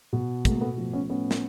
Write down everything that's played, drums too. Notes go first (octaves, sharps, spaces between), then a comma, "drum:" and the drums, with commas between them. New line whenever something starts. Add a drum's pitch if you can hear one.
B2
A2 G#3 A#3, drum: kick, hi-hat
A#3
A3 B3
F3
B3 C#4
A2 B3 C#4
drum: snare